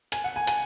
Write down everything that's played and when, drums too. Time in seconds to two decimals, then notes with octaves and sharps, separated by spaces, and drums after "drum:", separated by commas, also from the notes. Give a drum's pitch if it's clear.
0.12 G#5, drum: hi-hat
0.24 F#5
0.36 G#5
0.47 G#5, drum: hi-hat